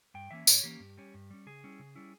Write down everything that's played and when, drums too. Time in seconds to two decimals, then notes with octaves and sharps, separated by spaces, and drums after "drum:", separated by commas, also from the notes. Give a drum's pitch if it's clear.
0.14 G2 G5
0.31 E3 A#3 C#4 E5
0.47 G2 C#5, drum: tambourine
0.64 E3 A#3 C#4 G4
0.80 G2
0.98 G3 C#4
1.14 G2
1.30 G3 C#4
1.46 C#3 G#4
1.64 G3 C#4 E4
1.79 C#3
1.96 G3 C#4 E4